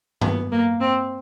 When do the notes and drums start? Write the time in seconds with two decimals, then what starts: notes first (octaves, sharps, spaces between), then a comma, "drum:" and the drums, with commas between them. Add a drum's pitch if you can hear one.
0.22 B3, drum: tom G2
0.52 A#3
0.81 C4